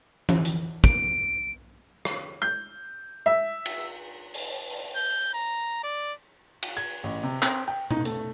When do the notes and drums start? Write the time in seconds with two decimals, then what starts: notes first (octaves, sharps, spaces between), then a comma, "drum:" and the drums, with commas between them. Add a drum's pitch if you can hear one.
0.29 drum: tom E3
0.45 drum: hi-hat
0.84 D7, drum: kick
2.05 drum: rim click
2.42 G6
3.26 E5
3.66 drum: cymbal
4.34 drum: open hi-hat
4.70 drum: open hi-hat
4.96 G6
5.34 A#5
5.83 D5
6.62 drum: cymbal
6.77 G#6
7.03 A1
7.23 C3
7.42 C4, drum: clap
7.68 G5
7.91 D#4, drum: tom B2
8.05 A3, drum: hi-hat